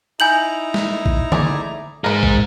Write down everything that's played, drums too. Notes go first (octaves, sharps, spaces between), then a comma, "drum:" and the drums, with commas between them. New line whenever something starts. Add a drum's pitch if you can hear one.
D#4 E4 G#5 A#5 G6 F#7
drum: snare
drum: kick A1
A3 G#4 D5, drum: tom D3
G#2 G#4 A#4 B4
drum: kick A1